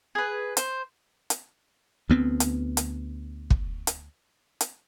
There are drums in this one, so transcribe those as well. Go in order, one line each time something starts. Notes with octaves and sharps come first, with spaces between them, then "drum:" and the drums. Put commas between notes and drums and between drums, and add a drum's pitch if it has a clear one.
G#4 B4
C5, drum: hi-hat
drum: hi-hat
D2 B3 C4
drum: hi-hat
drum: hi-hat
drum: kick
drum: hi-hat
drum: hi-hat